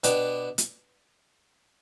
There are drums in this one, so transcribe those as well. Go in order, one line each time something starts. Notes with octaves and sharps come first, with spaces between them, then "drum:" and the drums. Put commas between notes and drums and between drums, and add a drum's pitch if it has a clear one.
B2 B3 D4 G4, drum: hi-hat
drum: hi-hat